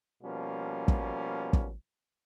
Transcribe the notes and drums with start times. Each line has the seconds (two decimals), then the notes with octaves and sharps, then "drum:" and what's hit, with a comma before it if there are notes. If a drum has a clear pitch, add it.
0.23 B2 F3 G3 A#3 C#4
0.88 drum: kick
1.53 drum: kick